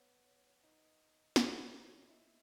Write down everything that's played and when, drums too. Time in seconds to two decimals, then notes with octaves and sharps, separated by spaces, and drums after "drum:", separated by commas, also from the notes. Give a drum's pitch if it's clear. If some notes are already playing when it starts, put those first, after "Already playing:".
Already playing: B3 C#5
0.63 D#4
1.36 C#5, drum: snare
2.09 E4 D#5